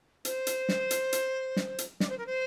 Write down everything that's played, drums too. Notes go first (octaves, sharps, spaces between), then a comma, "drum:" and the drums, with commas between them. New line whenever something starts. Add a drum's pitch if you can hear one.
C5, drum: hi-hat
drum: hi-hat
drum: snare
drum: hi-hat
drum: hi-hat
drum: snare
drum: hi-hat
D5, drum: snare
C5
A#4
C5